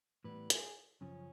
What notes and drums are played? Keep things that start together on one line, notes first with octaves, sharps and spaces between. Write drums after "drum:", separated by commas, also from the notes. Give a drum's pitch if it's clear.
A2 E3 G3 B3 B4
G#4, drum: hi-hat
F#2 C#3 F3 C#4